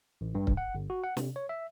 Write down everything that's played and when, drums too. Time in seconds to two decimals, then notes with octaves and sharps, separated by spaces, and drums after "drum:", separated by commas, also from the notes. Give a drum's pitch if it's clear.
0.21 A1
0.35 G2
0.47 drum: kick C#1
0.57 F#5
0.75 G1
0.90 F#4
1.04 F#5
1.17 C3, drum: snare
1.36 C#5
1.49 E5